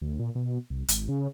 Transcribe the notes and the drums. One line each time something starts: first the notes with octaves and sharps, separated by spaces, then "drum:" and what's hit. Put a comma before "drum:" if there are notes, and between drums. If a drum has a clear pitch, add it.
D2
A#2
B2
C2
G#1, drum: hi-hat
C#3